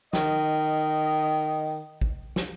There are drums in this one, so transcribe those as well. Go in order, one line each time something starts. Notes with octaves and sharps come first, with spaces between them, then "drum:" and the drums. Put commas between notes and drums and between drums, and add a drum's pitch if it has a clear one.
D#3 D#5, drum: snare
drum: kick
drum: snare